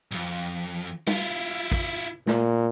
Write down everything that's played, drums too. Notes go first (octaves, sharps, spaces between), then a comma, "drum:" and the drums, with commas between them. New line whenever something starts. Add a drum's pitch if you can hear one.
B1 F2
E4 F4, drum: tom
drum: kick A1
A#2, drum: snare